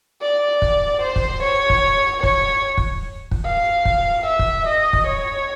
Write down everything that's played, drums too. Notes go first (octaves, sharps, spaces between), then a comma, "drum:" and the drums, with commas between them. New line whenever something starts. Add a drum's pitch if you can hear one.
D5
drum: kick
C5
drum: kick
C#5
drum: kick
C#5, drum: kick
drum: kick
drum: kick
F5
drum: kick
E5
drum: kick
D#5
drum: kick
C#5